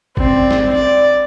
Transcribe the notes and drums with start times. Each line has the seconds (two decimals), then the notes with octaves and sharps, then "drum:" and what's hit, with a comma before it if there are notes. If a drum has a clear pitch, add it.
0.17 C4 D5, drum: kick G#1
0.51 drum: snare
0.74 D5